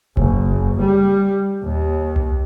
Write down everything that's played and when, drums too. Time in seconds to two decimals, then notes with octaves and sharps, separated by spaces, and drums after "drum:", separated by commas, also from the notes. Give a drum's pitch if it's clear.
0.17 F#1, drum: kick E1
0.80 G3
1.64 D#2
2.16 drum: tom C2